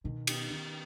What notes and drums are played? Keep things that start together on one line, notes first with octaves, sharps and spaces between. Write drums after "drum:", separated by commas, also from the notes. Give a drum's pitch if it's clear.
B2 D#3
B3 D#4 G4, drum: cymbal
D#3